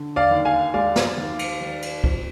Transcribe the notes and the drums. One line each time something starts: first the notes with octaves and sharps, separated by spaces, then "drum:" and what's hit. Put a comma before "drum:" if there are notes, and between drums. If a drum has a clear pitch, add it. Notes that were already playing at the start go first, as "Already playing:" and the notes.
Already playing: D3
D5 F5
D#2
F5 G#5
G#3 D5 F5
drum: snare
D#2
drum: cymbal
D#3
drum: cymbal
F2, drum: kick